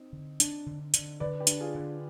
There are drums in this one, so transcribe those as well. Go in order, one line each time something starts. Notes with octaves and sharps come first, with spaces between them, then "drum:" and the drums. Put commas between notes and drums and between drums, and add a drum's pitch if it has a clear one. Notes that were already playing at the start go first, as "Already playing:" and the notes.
Already playing: C4 D#4
D3
D4, drum: hi-hat
D3
D3, drum: hi-hat
D3 B4 D5
G4 B4
D4, drum: hi-hat
F4 G#4
D3